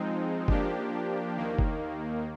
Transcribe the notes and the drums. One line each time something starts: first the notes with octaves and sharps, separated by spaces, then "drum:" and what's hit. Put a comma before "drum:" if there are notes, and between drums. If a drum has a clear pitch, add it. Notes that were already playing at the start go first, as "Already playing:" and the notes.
Already playing: F3 G#3 C4 D#4
F3 A#3 D4 G4, drum: kick F#1
D#2 D#3 A#3
drum: kick F#1